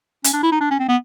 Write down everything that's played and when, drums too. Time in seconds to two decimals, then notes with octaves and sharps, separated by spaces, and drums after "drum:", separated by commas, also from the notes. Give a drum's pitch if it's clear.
0.24 C#4, drum: hi-hat
0.33 D4
0.43 E4
0.52 D#4
0.61 D4
0.71 C#4
0.79 C4
0.88 B3